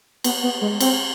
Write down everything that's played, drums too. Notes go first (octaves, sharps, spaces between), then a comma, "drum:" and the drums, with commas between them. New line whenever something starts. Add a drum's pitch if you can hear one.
B3, drum: cymbal
B3
G#3
C4, drum: cymbal